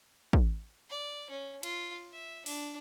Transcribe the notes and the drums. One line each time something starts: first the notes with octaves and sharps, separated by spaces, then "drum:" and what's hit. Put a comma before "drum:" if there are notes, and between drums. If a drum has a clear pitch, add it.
drum: kick
D5
C#4
F4, drum: cymbal
E5
D4, drum: open hi-hat